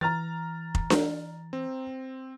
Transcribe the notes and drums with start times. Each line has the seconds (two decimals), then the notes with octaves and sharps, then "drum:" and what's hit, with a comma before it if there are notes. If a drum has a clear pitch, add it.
0.01 E3 A#5 F6 A6
0.75 drum: kick F1
0.90 drum: snare D4
1.53 C4